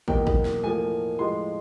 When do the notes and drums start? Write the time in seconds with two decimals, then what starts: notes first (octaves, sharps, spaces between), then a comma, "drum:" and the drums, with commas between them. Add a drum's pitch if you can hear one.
0.08 E2 B2 F#3 A#3 G5, drum: kick
0.27 drum: kick
0.45 drum: snare
0.64 A2 F3 A#3 G#5
1.19 A2 F3 G#3 C6